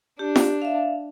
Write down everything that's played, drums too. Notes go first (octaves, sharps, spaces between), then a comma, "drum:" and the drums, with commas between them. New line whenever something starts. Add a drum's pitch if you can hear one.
D4 G4
drum: snare
E5 F5